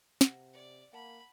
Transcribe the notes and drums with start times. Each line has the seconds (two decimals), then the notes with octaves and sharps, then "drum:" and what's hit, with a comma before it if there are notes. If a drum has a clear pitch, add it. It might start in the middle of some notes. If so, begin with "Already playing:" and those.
0.21 C3 F#5 A#6, drum: snare
0.54 D5 C#7
0.93 A#3 F#5 A5 B5